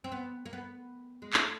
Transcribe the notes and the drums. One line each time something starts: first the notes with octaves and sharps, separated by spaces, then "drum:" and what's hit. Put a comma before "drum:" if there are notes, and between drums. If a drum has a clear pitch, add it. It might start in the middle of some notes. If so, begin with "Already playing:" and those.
C4
B3
A#3
B3
G#3
A3, drum: clap